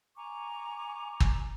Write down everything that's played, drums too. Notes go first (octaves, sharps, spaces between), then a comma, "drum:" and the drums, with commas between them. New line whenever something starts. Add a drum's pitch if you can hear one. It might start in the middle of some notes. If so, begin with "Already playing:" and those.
G#5 A#5 C#6 D6
drum: kick